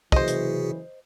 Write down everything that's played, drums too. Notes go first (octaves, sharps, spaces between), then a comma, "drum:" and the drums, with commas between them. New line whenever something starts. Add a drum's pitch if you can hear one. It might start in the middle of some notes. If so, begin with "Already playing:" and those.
F#1 C3 E3 F#4 G#4 C5 D#5, drum: kick
drum: hi-hat